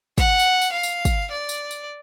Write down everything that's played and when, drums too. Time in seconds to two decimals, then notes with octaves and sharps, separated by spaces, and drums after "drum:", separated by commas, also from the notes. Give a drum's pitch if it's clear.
0.18 F#5, drum: kick, tambourine
0.40 drum: tambourine
0.61 drum: tambourine
0.72 F5
0.83 drum: tambourine
1.05 drum: kick, tambourine
1.31 D5
1.49 drum: tambourine
1.71 drum: tambourine